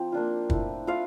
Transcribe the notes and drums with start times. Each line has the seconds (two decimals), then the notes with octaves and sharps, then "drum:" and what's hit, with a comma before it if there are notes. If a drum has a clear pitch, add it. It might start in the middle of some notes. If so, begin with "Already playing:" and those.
Already playing: F3 C4
0.12 A#3 D4 F4
0.50 A3 E4, drum: kick
0.87 A3 E4 F4 F5